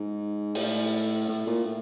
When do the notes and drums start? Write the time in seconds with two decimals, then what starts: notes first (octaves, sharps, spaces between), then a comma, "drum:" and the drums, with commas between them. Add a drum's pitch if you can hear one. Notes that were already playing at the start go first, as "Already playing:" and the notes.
Already playing: G#2
0.55 A2, drum: open hi-hat
1.28 A2
1.47 A#2
1.65 A2